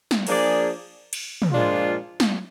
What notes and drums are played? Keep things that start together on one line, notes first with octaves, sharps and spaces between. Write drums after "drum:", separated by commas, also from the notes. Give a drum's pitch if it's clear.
drum: snare
F3 A#3 D4 G#4 D5, drum: cymbal
drum: cymbal
drum: tom
A#2 F3 G#3 D4 F4
drum: snare